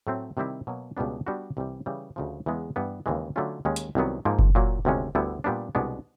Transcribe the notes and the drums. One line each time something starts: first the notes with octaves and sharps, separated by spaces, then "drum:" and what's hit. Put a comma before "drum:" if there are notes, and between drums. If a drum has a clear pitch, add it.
A2 F#3 A3 C4
C3 D#3 G3 C4 E4
B2 F#3 A#3
C#2 B2 G3 B3 D4
G3 B3 D4 F#4 B4
C2 C3 E3 G3
C#3 E3 G3
D2 C#3 F3
E2 C#3 E3 G#3 B3
G2 E3 G3 B3
D#2 C#3 E3 G#3
D3 F#3 A3 C#4 F4
D#2 D#3 G#3 C#4
drum: hi-hat
C2 C3 D#3 F#3 B3
G#2 F3 A#3 D#4
drum: kick F#1
A#2 F#3 A#3
D2 C3 D#3 G#3 C#4
D2 D3 G3 B3 E4
A#2 G3 B3 D4
C2 B2 G#3 B3 D4